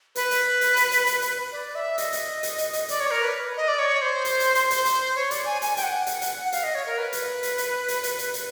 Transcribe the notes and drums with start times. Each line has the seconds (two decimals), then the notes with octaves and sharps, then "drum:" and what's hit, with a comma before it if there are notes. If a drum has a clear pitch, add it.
0.15 B4, drum: hi-hat
0.31 drum: hi-hat
0.61 drum: hi-hat
0.76 drum: hi-hat
0.91 drum: hi-hat
1.07 drum: hi-hat
1.22 drum: hi-hat
1.52 D5
1.75 E5
1.98 D#5, drum: hi-hat
2.13 drum: hi-hat
2.43 drum: hi-hat
2.58 drum: hi-hat
2.73 drum: hi-hat
2.89 D5, drum: hi-hat
3.00 C#5
3.11 A#4
3.22 B4
3.57 D#5
3.68 D5
3.79 C#5
4.02 C5
4.25 drum: hi-hat
4.40 drum: hi-hat
4.55 drum: hi-hat
4.70 C5, drum: hi-hat
4.85 drum: hi-hat
5.16 C#5
5.31 D5, drum: hi-hat
5.45 G#5
5.62 G#5, drum: hi-hat
5.77 G5, drum: hi-hat
5.83 F#5
6.07 drum: hi-hat
6.22 drum: hi-hat
6.45 F#5
6.52 F5, drum: hi-hat
6.63 D#5
6.75 C#5
6.86 A#4
6.98 B4
7.13 drum: hi-hat
7.43 drum: hi-hat
7.58 drum: hi-hat
7.88 drum: hi-hat
8.03 drum: hi-hat
8.19 drum: hi-hat
8.34 drum: hi-hat